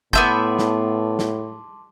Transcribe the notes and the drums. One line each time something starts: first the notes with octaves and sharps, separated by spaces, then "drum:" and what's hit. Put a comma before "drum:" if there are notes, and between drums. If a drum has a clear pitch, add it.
A2 B3 E5 A5 C6 D6 G6, drum: kick
drum: snare
drum: snare